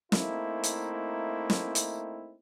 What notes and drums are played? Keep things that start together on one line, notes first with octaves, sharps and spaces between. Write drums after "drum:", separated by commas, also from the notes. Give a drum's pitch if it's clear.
A3 A#3 C4 D#4 E4, drum: snare
drum: hi-hat
drum: snare
drum: hi-hat